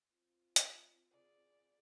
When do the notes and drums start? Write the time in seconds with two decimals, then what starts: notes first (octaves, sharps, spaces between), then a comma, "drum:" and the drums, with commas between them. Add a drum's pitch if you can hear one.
0.12 C4 F4
0.56 drum: hi-hat
1.11 C#3 G#4 D5